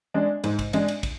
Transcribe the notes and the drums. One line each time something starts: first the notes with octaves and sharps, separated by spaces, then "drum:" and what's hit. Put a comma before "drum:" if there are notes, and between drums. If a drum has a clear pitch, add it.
G#3 D4
G#2, drum: cymbal
drum: kick, cymbal
G#3 D4, drum: cymbal
drum: cymbal
drum: kick, cymbal